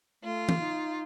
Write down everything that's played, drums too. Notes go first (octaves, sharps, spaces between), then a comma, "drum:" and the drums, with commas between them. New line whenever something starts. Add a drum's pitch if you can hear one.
A3 F4
drum: tom E3
D#4